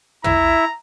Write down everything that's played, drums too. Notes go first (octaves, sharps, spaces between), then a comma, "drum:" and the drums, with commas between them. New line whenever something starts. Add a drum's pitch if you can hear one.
E4 E5 A#5, drum: tom